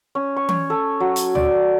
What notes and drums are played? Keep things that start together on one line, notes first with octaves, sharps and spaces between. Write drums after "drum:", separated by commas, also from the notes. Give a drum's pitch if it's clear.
C#4
C#6
C#5, drum: tom E3
A4
F#3
drum: hi-hat
D5, drum: tom